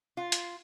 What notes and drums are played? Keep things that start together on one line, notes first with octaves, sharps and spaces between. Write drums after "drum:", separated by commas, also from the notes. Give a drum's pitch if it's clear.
F4
drum: hi-hat